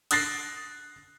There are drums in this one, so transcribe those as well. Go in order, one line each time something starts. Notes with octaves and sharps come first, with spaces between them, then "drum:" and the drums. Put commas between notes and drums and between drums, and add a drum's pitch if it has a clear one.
D#6 F#6 A6 A#6 C7, drum: cymbal